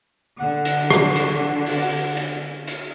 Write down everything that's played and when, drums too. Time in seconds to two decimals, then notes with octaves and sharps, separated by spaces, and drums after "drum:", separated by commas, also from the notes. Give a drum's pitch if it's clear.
0.40 D3 F#5
0.65 drum: hi-hat
0.90 drum: rim click
1.16 drum: hi-hat
1.66 drum: open hi-hat
2.17 drum: hi-hat
2.67 drum: hi-hat